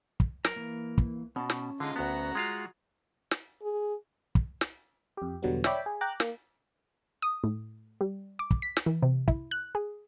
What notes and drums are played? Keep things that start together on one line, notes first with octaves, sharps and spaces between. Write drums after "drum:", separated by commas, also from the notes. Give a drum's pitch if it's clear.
drum: kick
F#3 A#4 A#5, drum: snare
E3 A#3
drum: kick
B2 C#4 A5
drum: snare
D3 G#3 D#4 F4
D2 B3 F#4 A#5
G#3 F4 F5
drum: snare
G#4
drum: kick
drum: snare
F2 G4
E2 B2 D3 F#3 G3 B3
C#5 D5 E5 G5 B5 D6, drum: snare
G#4
G5 A#5 D6 F#6
A#3, drum: snare
D#6
A2
G3
D6
drum: kick
B6
drum: snare
E3
C3
E4, drum: kick
F#6
G#4